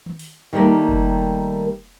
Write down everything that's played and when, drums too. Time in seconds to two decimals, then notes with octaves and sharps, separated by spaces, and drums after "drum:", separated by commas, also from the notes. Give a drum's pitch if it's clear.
0.06 drum: tom D#3
0.19 drum: open hi-hat
0.53 D#3 G3 A3 A#3
0.89 drum: kick F#1